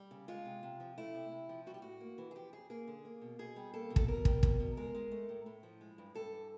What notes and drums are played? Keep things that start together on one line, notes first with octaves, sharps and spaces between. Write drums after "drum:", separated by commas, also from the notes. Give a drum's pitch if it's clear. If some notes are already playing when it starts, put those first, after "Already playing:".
Already playing: G3
C#3
G#3 F4
C3
C3
F3
A3 E4
C3
C3
F3
G3 F#4
G4
A2 F#4
A#3
E3
G#4
F3 G4
F2 G#4
A#3 G#4
D3
A#3
B2
B2 G#4
G3
A#3 A4
B2
A4, drum: kick
B2 A#4
G3, drum: kick
B2, drum: kick
B2
G#3 A#4
G#3
A3
A2
A2
F3
G#3
G2
G2 A4
E3